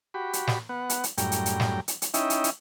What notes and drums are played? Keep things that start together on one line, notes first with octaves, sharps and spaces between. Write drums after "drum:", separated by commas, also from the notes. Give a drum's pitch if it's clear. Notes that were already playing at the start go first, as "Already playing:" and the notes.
F#4 G4 B5
drum: hi-hat
drum: snare
B3 F#5
drum: hi-hat
drum: hi-hat
F#2 A2 G3 G5 A#5, drum: hi-hat
drum: hi-hat
drum: hi-hat
drum: snare
drum: hi-hat
drum: hi-hat
C#4 D#4 E4 D#5 E5 G5, drum: hi-hat
drum: hi-hat
drum: hi-hat